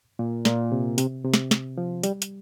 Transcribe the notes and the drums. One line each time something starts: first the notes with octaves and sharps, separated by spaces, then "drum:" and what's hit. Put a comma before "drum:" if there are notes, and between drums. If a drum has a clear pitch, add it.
A#2
A#2, drum: snare
C3
C3, drum: hi-hat
C3
drum: snare
drum: snare
F3
G3, drum: hi-hat
drum: hi-hat